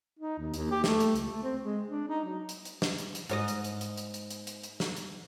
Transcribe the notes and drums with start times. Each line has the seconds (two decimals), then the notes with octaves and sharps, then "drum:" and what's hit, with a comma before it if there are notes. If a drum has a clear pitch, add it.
0.19 D#4
0.39 D#2
0.54 D#2, drum: hi-hat
0.71 G4
0.84 A3, drum: snare
1.00 drum: hi-hat
1.16 C#2, drum: hi-hat
1.30 A3
1.42 C4
1.62 G#3
1.88 D4
2.08 D#4
2.25 F#3
2.49 drum: hi-hat
2.65 drum: hi-hat
2.82 drum: snare
2.98 drum: hi-hat
3.15 drum: hi-hat
3.29 G#2 C#5 D#5, drum: hi-hat
3.48 drum: hi-hat
3.64 drum: hi-hat
3.81 drum: hi-hat
3.97 drum: hi-hat
4.14 drum: hi-hat
4.30 drum: hi-hat
4.47 drum: hi-hat
4.64 drum: hi-hat
4.80 drum: snare
4.97 drum: hi-hat